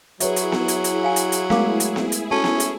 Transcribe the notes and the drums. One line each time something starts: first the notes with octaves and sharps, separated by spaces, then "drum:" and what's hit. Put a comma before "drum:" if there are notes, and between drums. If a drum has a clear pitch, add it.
F#3 E4 G#4 B4 C#5 E5, drum: hi-hat
drum: hi-hat
drum: snare B3
drum: hi-hat
drum: hi-hat
F5 G#5
drum: hi-hat
drum: hi-hat
G#3 A3 A#4 F5 D6, drum: snare B3
drum: hi-hat
drum: snare B3
drum: hi-hat
C#4 F#4 A4 A5
drum: snare B3
drum: hi-hat